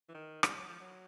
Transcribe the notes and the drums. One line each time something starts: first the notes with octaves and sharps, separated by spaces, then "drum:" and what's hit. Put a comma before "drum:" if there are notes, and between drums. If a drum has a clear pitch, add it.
E3
D#3
G3, drum: rim click
F#3
F3
F#3